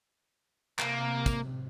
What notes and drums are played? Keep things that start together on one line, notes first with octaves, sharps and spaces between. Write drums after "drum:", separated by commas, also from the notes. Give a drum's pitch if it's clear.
C3 A#3, drum: clap
drum: kick, tambourine